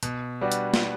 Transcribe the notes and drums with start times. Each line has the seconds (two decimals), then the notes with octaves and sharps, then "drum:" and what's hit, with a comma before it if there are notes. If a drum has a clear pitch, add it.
0.03 B2, drum: hi-hat
0.41 G3 B3 D4 F#4
0.52 drum: hi-hat
0.74 drum: snare